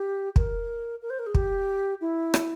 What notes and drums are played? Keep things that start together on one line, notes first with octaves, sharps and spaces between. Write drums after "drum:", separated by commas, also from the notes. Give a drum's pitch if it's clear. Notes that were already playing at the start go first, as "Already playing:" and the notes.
Already playing: G4
A#4, drum: kick
A#4
C5
A#4
G#4
G4, drum: kick
E4
drum: rim click